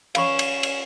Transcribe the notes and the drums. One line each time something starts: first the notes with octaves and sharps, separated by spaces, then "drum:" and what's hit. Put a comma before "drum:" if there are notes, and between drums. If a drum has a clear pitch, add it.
C#4 F5 B5 C#6 E7, drum: cymbal
drum: cymbal
drum: cymbal